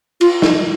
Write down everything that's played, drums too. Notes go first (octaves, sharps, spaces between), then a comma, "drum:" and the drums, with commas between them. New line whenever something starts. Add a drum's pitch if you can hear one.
F4, drum: cymbal
E4, drum: snare